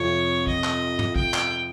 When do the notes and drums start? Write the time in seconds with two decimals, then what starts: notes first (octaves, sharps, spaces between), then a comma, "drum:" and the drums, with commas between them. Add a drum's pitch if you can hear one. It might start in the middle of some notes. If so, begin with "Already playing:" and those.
Already playing: F2 C3 F3 C#5
0.47 D#5, drum: kick A#1
0.64 drum: clap
0.99 drum: tom
1.16 G5, drum: kick A#1
1.34 drum: clap